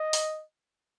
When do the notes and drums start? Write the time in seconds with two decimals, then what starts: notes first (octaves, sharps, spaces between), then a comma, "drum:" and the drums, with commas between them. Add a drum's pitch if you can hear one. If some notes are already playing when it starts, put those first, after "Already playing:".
Already playing: D#5
0.13 drum: open hi-hat